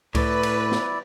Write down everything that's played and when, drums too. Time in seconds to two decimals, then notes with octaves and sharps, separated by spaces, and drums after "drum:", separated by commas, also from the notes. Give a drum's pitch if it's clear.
0.15 A2 E4 B4 D5, drum: kick C#2, cymbal
0.43 drum: cymbal
0.72 drum: snare